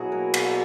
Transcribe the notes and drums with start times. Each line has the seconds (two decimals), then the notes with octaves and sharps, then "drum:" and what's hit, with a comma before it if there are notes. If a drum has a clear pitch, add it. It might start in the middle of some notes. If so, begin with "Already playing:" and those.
Already playing: B2 F#3 E4 F#4 G#4
0.12 A#3 A#4
0.34 B2, drum: cymbal